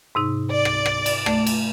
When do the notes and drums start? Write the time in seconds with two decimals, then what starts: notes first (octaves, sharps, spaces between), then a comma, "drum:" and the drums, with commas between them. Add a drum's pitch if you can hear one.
0.15 G#2 C3 D#4
0.51 D5
0.65 drum: rim click
0.86 drum: rim click
1.06 drum: cymbal
1.26 A3, drum: rim click
1.47 drum: cymbal